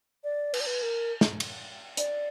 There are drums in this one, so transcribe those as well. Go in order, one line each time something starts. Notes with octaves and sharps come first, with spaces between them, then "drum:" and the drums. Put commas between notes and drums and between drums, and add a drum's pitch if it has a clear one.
D5
B4, drum: cymbal
D5
B4
A#4
drum: snare
drum: cymbal
D5, drum: hi-hat